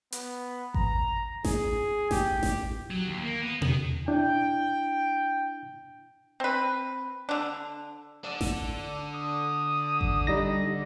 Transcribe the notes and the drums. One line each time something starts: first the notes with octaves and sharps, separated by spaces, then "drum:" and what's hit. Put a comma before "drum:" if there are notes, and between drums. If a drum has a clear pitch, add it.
B3, drum: hi-hat
A#5, drum: kick G#1
G#4, drum: snare A1
G4, drum: snare A1
drum: snare A1
F#3
D#2
A#3
B3
D#3, drum: tom
D4 E4 G5
C4 B4
D3 D4
D3 D4
drum: snare A1
D#6
drum: kick G#1
G3 D#4 A#6